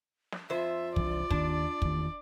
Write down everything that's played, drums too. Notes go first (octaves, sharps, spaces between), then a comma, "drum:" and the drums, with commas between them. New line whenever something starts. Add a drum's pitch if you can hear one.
drum: snare
F2 F4 C5 E5
C2 E3 D5, drum: kick
D#2 D#3 D4, drum: kick
E2 D#3, drum: kick